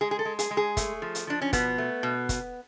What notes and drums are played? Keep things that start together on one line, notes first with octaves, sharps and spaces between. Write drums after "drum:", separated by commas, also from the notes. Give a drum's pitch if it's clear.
G#3 G#4
G#4
A4
G#3
G#4, drum: hi-hat
G#3
G#4
A3, drum: kick, hi-hat
F3
drum: hi-hat
F3 D4
C#4
B2 B3, drum: kick, hi-hat
A3
B2
drum: kick, hi-hat